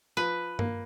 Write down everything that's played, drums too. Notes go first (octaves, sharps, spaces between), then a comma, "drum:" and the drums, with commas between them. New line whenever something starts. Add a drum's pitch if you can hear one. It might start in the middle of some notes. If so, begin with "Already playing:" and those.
F3 B4
A#3, drum: tom G2